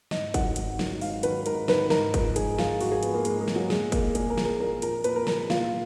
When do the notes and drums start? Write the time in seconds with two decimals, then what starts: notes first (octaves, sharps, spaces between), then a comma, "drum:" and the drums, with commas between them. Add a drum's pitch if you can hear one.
0.11 G#2 D#5, drum: snare
0.34 D#3 F#3 F#5, drum: kick, hi-hat
0.56 G#2, drum: hi-hat
0.79 D#3 F#3, drum: snare
1.01 G#2 F5, drum: open hi-hat
1.23 D#3 F#3 B4, drum: hi-hat
1.46 G#2 A#4, drum: hi-hat
1.68 D#3 F#3 B4, drum: snare
1.90 G#2 A#4, drum: snare
2.14 F3, drum: kick, hi-hat
2.36 G#2 G#4, drum: hi-hat
2.58 F3 F4, drum: snare
2.80 G#2 F#4, drum: open hi-hat
2.92 G#4
3.03 F3 B3, drum: hi-hat
3.14 A#3
3.25 G#2 G#3, drum: hi-hat
3.41 G#3
3.48 F3, drum: snare
3.56 F#3
3.70 A#2 G#3, drum: snare
3.92 F3 A#3, drum: kick, hi-hat
4.15 A#2 G#4, drum: hi-hat
4.30 A#4
4.38 F3, drum: snare
4.45 A#4
4.60 A#2 A#4
4.82 F3 A#4, drum: hi-hat
5.04 A#2 B4, drum: hi-hat
5.16 A#4
5.27 F3 A#4, drum: snare
5.50 A#2 F4, drum: snare